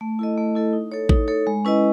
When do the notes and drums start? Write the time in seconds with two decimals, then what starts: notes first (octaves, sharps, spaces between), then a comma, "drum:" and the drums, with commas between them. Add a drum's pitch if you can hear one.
0.01 A3
0.19 E4 A4 D#5
0.37 A3
0.55 E4 A4 D#5
0.73 D#4
0.92 A4 C#5
1.09 D#4, drum: kick A1
1.28 A4 C#5
1.47 G#3
1.65 C#4 E4 B4 D#5